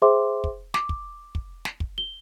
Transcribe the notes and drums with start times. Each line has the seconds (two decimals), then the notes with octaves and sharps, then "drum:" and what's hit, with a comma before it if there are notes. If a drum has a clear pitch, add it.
0.02 G#4 C5 E5 G5 C6 D6
0.44 drum: kick
0.74 D6, drum: snare
0.89 drum: kick
1.35 drum: kick
1.65 drum: snare
1.80 drum: kick
1.98 G7